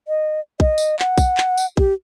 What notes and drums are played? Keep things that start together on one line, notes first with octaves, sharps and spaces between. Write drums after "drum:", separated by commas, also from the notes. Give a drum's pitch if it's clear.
D#5
D#5, drum: kick
drum: tambourine
F#5, drum: clap
drum: kick, tambourine
drum: clap
drum: tambourine
G4, drum: kick